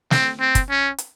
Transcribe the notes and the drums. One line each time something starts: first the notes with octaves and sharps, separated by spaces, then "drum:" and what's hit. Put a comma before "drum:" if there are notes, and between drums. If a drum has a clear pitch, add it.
C4, drum: snare
C4
drum: kick, hi-hat
C#4
drum: hi-hat